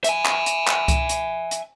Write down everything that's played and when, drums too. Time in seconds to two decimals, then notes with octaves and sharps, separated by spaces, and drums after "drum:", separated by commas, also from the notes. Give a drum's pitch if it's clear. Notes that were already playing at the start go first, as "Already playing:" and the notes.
0.04 E5 G#5, drum: hi-hat
0.25 drum: clap
0.46 drum: hi-hat
0.67 drum: clap
0.88 drum: kick C2, hi-hat
1.09 drum: hi-hat
1.51 drum: hi-hat